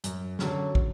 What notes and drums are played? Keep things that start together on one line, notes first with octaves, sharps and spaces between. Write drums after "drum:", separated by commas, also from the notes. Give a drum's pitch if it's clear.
F#2, drum: hi-hat
D3 F#3 C#4, drum: snare
drum: kick